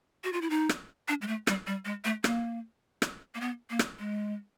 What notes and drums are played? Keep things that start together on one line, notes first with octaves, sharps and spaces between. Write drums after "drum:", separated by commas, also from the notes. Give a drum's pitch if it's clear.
F#4
F4
E4
D#4
drum: rim click
D4
G#3
A3
G3, drum: rim click
G3
G#3
A3
A#3, drum: rim click
drum: rim click
A#3
B3
A#3
drum: rim click
G#3